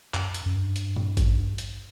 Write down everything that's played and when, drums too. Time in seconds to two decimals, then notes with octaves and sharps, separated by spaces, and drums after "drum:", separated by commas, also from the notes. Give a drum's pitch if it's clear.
0.14 F#2, drum: clap
0.34 drum: hi-hat
0.46 F#2
0.56 G2
0.76 drum: hi-hat
0.96 drum: tom
1.17 drum: kick G#1, hi-hat
1.58 drum: hi-hat